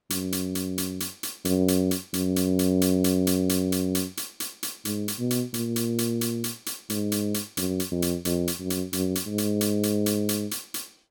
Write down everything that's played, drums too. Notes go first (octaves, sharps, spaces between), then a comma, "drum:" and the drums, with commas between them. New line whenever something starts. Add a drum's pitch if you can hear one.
F#2, drum: hi-hat
drum: hi-hat
drum: hi-hat
drum: hi-hat
drum: hi-hat
drum: hi-hat
F#2, drum: hi-hat
drum: hi-hat
drum: hi-hat
F#2, drum: hi-hat
drum: hi-hat
drum: hi-hat
drum: hi-hat
drum: hi-hat
drum: hi-hat
drum: hi-hat
drum: hi-hat
drum: hi-hat
drum: hi-hat
drum: hi-hat
drum: hi-hat
G#2, drum: hi-hat
drum: hi-hat
B2
drum: hi-hat
A#2, drum: hi-hat
drum: hi-hat
drum: hi-hat
drum: hi-hat
drum: hi-hat
drum: hi-hat
G#2, drum: hi-hat
drum: hi-hat
drum: hi-hat
F#2, drum: hi-hat
drum: hi-hat
F2
drum: hi-hat
F2, drum: hi-hat
drum: hi-hat
F#2
drum: hi-hat
F#2, drum: hi-hat
drum: hi-hat
G#2
drum: hi-hat
drum: hi-hat
drum: hi-hat
drum: hi-hat
drum: hi-hat
drum: hi-hat
drum: hi-hat